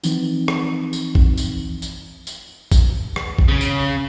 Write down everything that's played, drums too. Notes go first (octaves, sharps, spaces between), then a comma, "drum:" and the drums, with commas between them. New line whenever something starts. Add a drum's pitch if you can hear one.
E3 F3 C4 D#4, drum: tambourine
drum: rim click
drum: tambourine
drum: kick
drum: tambourine
drum: tambourine
drum: tambourine
drum: kick, tambourine
drum: rim click
drum: kick
C#3
drum: tambourine